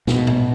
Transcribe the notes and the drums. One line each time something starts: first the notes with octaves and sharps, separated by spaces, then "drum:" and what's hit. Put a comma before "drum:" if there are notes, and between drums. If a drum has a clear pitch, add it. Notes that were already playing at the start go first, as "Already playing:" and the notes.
B2, drum: snare
drum: tom A2